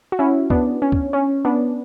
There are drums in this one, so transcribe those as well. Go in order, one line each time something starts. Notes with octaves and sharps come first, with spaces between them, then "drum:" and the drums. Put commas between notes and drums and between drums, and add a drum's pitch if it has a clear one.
F#4
C#4 E4
B3 D4, drum: kick C#2
C#4
drum: kick C#2
C#4
B3 D4